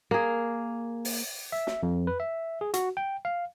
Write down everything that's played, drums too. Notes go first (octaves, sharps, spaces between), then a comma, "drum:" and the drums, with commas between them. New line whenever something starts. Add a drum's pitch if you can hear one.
A#3 G#4
drum: open hi-hat
E5
drum: snare
F2
B4
E5
G#4
F#4, drum: hi-hat
G5
F5